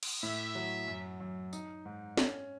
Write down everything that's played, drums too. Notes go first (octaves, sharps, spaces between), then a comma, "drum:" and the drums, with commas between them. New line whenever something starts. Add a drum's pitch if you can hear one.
drum: cymbal
A2 E5
F#3
F#2
F#2
D#4, drum: tambourine
G#2
C#4, drum: snare